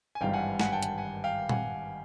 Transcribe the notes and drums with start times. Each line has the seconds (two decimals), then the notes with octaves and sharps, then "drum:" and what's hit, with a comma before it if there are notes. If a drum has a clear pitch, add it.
0.15 G#5
0.21 G#1 G2 E3 G3 F5 G5
0.33 F#5 G#5
0.60 F#5 G#5, drum: snare
0.72 G5 A5
0.83 drum: hi-hat
0.98 F#5 G#5
1.24 F5 G5
1.49 F#5 G#5, drum: tom A#2